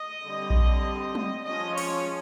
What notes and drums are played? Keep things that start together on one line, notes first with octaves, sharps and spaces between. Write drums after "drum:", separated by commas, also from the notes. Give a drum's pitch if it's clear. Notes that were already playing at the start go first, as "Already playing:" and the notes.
Already playing: D#5
D3 G3 C4
drum: kick A#1
drum: tom
F3 G#3 C#4 D#5
C#5, drum: cymbal